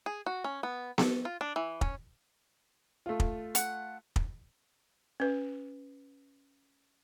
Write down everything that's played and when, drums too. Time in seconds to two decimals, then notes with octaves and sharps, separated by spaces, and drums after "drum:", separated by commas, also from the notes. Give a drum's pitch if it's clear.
0.06 G#4
0.26 F#4
0.44 C#4
0.63 B3
0.98 A4, drum: snare B3
1.25 F4
1.41 D4
1.56 E3
1.81 C#4, drum: kick
3.06 A3 F4
3.20 drum: kick
3.55 F#5, drum: hi-hat
4.16 drum: kick
5.20 C#4 B4